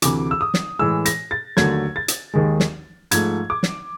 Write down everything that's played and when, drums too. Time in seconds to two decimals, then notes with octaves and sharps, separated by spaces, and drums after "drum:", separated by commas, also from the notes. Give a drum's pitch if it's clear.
0.02 D2 C3 E3 D6, drum: hi-hat
0.31 E6
0.41 D#6
0.54 drum: snare
0.79 A2 E3 G#3 E6
1.05 A#6, drum: hi-hat
1.31 A6
1.57 D#2 D3 F#3 A3 G#6, drum: snare
1.96 A6
2.08 drum: hi-hat
2.34 D#2 D#3 G#3
2.60 drum: snare
3.11 G#2 F3 A3 G#6, drum: hi-hat
3.50 D6
3.63 drum: snare